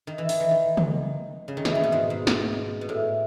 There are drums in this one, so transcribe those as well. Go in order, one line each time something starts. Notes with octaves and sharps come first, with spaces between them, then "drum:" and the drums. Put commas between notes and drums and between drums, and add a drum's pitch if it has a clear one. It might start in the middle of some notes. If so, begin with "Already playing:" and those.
D#3
E3
D#3, drum: open hi-hat
E3
D#3
D#3, drum: tom
C#3
D#3
C#3 E3, drum: snare
D#3
B2
G#2
G#2
drum: snare
B2
A2